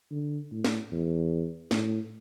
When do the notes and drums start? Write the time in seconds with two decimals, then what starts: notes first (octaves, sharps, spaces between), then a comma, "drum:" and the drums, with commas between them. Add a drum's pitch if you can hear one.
0.11 D3
0.51 A2
0.65 drum: snare
0.92 E2
1.71 A2, drum: snare